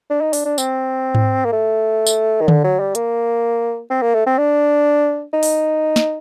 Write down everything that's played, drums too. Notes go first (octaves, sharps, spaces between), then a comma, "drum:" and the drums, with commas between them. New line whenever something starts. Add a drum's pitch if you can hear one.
D4
D#4
D4, drum: open hi-hat
D4
C4, drum: tambourine
drum: tom G#2
A#3
A3
drum: tambourine
D#3
D3, drum: tom D3
F#3
G3
A#3, drum: hi-hat
C4
A#3
A3
C4
D4
D#4
drum: open hi-hat
drum: snare